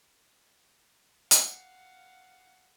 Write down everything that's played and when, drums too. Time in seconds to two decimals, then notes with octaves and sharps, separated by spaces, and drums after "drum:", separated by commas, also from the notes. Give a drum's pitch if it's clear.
1.31 F5 F#5, drum: hi-hat